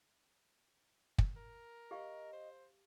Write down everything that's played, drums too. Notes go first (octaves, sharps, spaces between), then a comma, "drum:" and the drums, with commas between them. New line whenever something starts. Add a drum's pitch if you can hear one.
drum: kick
A#4
G4 D#5 F5 C#6
C5